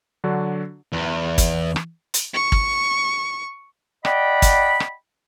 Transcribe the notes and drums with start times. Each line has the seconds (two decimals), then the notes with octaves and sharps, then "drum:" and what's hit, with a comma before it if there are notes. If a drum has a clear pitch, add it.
0.24 D3 F#3 D4 F#4
0.93 E2
1.38 drum: kick G#1, hi-hat
1.76 drum: rim click
2.14 drum: hi-hat
2.34 C#6
2.52 drum: kick G#1
4.05 D5 D#5 F#5 G5 B5, drum: rim click
4.42 drum: kick G#1, hi-hat
4.80 drum: rim click